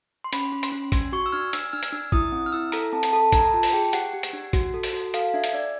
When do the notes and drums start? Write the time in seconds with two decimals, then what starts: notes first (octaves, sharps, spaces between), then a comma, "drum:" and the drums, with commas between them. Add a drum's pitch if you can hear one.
0.24 C6
0.33 C#4 B5, drum: hi-hat
0.52 C#4
0.63 C6, drum: hi-hat
0.72 C#4
0.92 D4 C6, drum: kick, hi-hat
1.12 F#4 C#6
1.26 E6
1.32 D4 F6
1.53 D4 E6, drum: hi-hat
1.73 D4 F6
1.83 drum: hi-hat
1.93 D4 E6
2.12 E4 D#6, drum: kick
2.32 C4
2.46 F6
2.52 E4 E6
2.72 A4 A#5, drum: hi-hat
2.93 C4 A5
3.03 drum: hi-hat
3.13 A4 A5
3.32 D4 A#5, drum: kick, hi-hat
3.53 F4 A5
3.63 drum: open hi-hat
3.73 G#4 G5
3.93 G4 F#5, drum: hi-hat
4.13 G4
4.23 drum: hi-hat
4.33 D4
4.53 F#4, drum: kick, hi-hat
4.74 A4
4.83 drum: open hi-hat
4.93 F#4
5.14 A4 F5, drum: hi-hat
5.34 D4 E5
5.44 drum: hi-hat
5.53 D4 D5